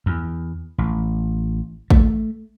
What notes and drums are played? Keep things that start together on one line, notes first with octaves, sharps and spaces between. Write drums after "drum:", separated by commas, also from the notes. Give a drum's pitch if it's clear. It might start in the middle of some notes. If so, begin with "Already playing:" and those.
E2
A1
A3, drum: kick A1